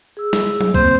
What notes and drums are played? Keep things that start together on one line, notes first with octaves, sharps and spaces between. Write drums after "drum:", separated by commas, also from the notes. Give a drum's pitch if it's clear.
G#4 E6
drum: snare
drum: tom F#3
A#3 C4 C5, drum: kick